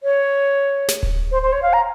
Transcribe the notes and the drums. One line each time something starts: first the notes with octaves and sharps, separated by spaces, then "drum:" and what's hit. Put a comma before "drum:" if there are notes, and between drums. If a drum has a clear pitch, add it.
C#5
drum: snare
drum: kick D1
C5
C5
C#5
F5
A#5